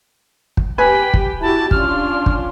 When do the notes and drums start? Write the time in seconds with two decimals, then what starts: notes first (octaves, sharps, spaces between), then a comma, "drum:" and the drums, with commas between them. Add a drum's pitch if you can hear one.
0.57 drum: kick
0.78 G4 B4 G5 G#5 B5
1.14 drum: kick
1.42 E4 F#4 G4 A5
1.71 C#4 D4 F4 F6, drum: kick
2.26 drum: kick